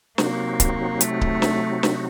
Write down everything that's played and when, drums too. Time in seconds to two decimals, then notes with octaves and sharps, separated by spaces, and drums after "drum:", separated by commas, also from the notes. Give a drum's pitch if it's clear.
0.18 C3 F#3 A#3 C4 D#4 F#4, drum: snare
0.60 drum: kick C#1, hi-hat
1.01 A3, drum: hi-hat
1.21 drum: kick C#1
1.42 drum: snare
1.83 drum: snare